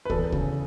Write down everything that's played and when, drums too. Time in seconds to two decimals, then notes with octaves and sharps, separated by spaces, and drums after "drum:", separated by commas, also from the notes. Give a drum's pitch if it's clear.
0.05 B4
0.10 E2 A4, drum: kick
0.32 C#3, drum: kick